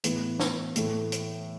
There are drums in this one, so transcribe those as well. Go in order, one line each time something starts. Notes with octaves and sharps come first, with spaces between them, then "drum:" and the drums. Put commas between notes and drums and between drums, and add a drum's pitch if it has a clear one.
A2 E3 B3, drum: hi-hat
drum: snare
A2 E3 A3, drum: hi-hat
drum: hi-hat